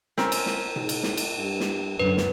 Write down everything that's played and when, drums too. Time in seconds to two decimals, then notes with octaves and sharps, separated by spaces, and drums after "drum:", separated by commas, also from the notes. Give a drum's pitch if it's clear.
0.18 C4 C#4 A#4, drum: snare
0.32 drum: cymbal
0.46 drum: snare
0.76 G#2, drum: tom B2
0.89 drum: cymbal
1.03 drum: snare
1.17 drum: cymbal
1.38 G2
1.60 drum: snare
1.99 F#2 D3 B4
2.17 drum: snare